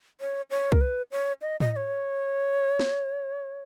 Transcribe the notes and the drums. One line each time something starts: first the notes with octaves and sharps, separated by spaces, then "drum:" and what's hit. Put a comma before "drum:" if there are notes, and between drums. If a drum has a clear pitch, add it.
C#5
C#5
A#4, drum: kick C2
B4
C#5
D#5
D#5, drum: tom A2
D#5
C#5
drum: snare